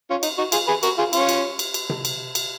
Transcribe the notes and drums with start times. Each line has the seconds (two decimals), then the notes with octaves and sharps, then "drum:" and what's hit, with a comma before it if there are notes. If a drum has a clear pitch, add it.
0.10 C#4 F4
0.23 D#4, drum: cymbal
0.38 D#4 F#4
0.52 F4 G#4, drum: cymbal
0.67 G#4 B4
0.83 F#4 A#4, drum: cymbal
0.98 F4 G#4
1.13 C#4 F4, drum: cymbal
1.29 drum: cymbal
1.59 drum: cymbal
1.74 drum: cymbal
1.90 drum: tom C3
2.05 drum: cymbal
2.35 drum: cymbal